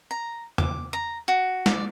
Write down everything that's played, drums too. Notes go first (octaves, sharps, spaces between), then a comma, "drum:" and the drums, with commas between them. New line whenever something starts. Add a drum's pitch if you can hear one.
A#5
D6, drum: tom E2
A#5
F#4
D5, drum: snare